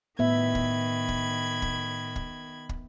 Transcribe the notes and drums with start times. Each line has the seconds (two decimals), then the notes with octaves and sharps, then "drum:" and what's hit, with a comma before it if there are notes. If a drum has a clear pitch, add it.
0.19 A2 D#3 B3 E5 B5 G#6
0.55 drum: kick
1.08 drum: kick
1.62 drum: kick
2.16 drum: kick
2.69 drum: kick